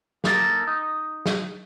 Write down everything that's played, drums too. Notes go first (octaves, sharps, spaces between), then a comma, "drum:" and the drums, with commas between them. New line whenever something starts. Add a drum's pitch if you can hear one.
A#3 D#4 A4 A#4, drum: snare
D#4
drum: snare